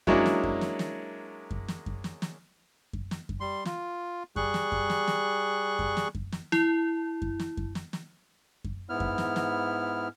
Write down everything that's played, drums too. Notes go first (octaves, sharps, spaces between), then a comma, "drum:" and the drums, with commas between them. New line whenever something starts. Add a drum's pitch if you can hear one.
F#3 G#3 A#3 C#4 D4 E4, drum: kick F#2
drum: snare
drum: kick F#2
drum: snare
drum: snare
drum: kick F#2
drum: snare
drum: kick F#2
drum: snare
drum: snare
drum: kick F#2
drum: snare
drum: kick F#2
G3 C6
F4, drum: snare
G3 G#4 C#6 F#6, drum: kick F#2
drum: snare
drum: kick F#2
drum: snare
drum: snare
drum: kick F#2
drum: snare
drum: kick F#2
drum: snare
E4, drum: snare
drum: kick F#2
drum: snare
drum: kick F#2
drum: snare
drum: snare
drum: kick F#2
G#2 B3 E4 F6
drum: kick F#2
drum: snare
drum: snare